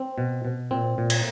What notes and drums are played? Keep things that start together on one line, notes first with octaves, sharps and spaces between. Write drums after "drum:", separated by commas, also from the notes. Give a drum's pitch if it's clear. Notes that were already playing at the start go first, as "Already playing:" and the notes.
Already playing: C4
B2
B2
A#2 C4
A#2
drum: cymbal